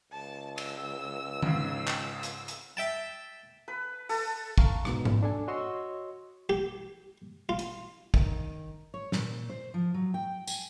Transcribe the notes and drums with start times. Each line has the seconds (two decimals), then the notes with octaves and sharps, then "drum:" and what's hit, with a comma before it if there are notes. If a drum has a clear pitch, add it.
0.12 C#2 A5
0.58 E6, drum: cymbal
1.43 G#2 C#3, drum: tom D#3
1.88 drum: clap
2.23 drum: hi-hat
2.48 drum: hi-hat
2.77 E5 G5 A5
3.68 B4
4.09 A4, drum: open hi-hat
4.58 F5 A5 A#5 C#6, drum: kick
4.85 G#2 B2, drum: rim click
5.05 drum: tom G#2
5.23 D4 A4 G#5
5.48 F#4 C#5 D#5 C6 C#6 E6
6.49 G4
7.49 F4
7.59 drum: hi-hat
8.14 D#3, drum: kick
8.94 C#5
9.12 A#2, drum: snare
9.50 C5
9.74 F3
9.94 F#3
10.14 G5
10.47 G#5, drum: tambourine